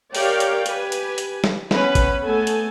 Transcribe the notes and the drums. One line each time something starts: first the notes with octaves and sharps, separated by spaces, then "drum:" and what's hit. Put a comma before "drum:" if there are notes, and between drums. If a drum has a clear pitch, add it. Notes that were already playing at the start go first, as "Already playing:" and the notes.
G4 A#4 C#5 D5 F5 G5, drum: open hi-hat
drum: hi-hat
G4 B4 G#5, drum: hi-hat
drum: hi-hat
drum: hi-hat
drum: snare
B3 C#4 B4 B5, drum: snare
drum: kick G#1, hi-hat
A3 B3 A4 G#5
drum: hi-hat